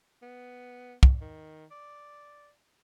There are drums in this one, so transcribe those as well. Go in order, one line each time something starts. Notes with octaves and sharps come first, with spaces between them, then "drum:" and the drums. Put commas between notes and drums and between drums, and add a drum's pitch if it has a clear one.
B3
drum: kick
D#3
D5